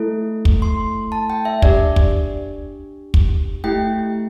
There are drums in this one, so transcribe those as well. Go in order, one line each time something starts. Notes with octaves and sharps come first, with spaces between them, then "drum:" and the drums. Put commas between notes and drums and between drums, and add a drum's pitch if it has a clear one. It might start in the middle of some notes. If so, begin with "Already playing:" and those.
Already playing: A3 E4 A4
drum: kick
C6
A5
G5
E5
D4 G4 D5, drum: kick
drum: kick
drum: kick
A3 E4 G4 G5